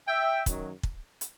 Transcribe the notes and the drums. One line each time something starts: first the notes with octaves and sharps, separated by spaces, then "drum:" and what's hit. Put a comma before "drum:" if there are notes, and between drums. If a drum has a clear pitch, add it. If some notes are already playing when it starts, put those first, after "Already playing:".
E5 G5
F#2 D#3 F#3, drum: kick, hi-hat
drum: kick
drum: hi-hat